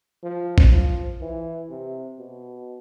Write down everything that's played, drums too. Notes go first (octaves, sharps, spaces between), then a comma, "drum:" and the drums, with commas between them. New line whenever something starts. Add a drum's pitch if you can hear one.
F3
drum: kick A#1
F3
E3
C3
B2